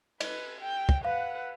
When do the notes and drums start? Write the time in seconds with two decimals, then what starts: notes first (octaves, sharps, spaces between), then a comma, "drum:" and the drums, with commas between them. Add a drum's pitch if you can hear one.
0.20 B4 D#5, drum: cymbal
0.61 G5
0.89 drum: kick
1.05 B4 F5 F#5